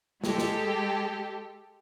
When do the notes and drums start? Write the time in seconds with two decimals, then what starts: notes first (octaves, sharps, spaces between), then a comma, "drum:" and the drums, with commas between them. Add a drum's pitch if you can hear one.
0.24 G#3 G4 A4, drum: snare
0.38 drum: snare